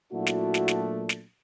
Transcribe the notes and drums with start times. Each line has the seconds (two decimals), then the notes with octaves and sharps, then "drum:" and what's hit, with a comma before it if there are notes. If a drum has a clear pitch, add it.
0.12 A#2 F#3 A3 D4 E4 F#4
0.26 drum: snare
0.54 drum: snare
0.68 drum: snare
1.09 drum: snare